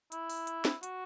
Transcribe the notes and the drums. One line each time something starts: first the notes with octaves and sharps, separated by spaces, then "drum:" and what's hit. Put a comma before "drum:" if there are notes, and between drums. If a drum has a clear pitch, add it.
E4, drum: hi-hat
drum: open hi-hat
drum: hi-hat
drum: snare
F#4, drum: hi-hat